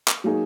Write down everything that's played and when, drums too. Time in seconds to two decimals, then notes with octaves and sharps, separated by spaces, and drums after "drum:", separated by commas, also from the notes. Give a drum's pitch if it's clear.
0.08 drum: clap
0.24 F#3 A#3 D#4 G#4